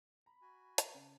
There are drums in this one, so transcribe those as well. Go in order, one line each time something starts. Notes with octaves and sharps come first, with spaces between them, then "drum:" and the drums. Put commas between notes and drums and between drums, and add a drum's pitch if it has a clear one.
A#5 B5
F#4 G#5
drum: hi-hat
C#3 C#4 A5